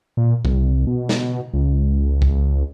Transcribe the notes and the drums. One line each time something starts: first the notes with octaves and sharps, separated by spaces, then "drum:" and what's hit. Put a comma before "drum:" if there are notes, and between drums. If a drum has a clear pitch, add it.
A#2
C2, drum: kick
B2
drum: snare
C#2
drum: kick